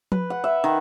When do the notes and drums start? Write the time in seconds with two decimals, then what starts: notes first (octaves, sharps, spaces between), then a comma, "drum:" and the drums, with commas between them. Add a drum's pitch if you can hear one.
0.12 B4, drum: tom F3
0.30 F#5
0.44 E5
0.64 D#3